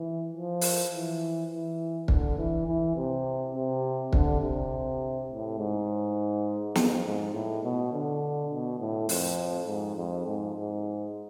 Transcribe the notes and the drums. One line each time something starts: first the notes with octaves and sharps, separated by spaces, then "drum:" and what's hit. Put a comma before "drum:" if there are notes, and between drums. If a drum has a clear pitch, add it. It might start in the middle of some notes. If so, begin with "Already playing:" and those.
Already playing: E3
F3
drum: open hi-hat
E3
E3
D3, drum: kick
E3
E3
C3
C3
D3, drum: kick
C3
A2
G#2
F2, drum: snare
G#2
A2
B2
D3
B2
A2
F2, drum: open hi-hat
G#2
F2
G#2
G#2